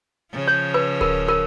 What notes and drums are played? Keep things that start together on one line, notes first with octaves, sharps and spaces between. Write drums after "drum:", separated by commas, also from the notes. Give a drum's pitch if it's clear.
C#3 F3
C#5
B4
A#4, drum: kick D1
A#4